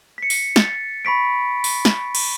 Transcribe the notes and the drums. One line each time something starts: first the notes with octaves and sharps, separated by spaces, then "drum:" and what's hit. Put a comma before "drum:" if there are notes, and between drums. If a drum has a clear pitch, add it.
B6 C#7
drum: open hi-hat
A6, drum: snare
B5 C#6 B6 D7
drum: open hi-hat
drum: snare
drum: cymbal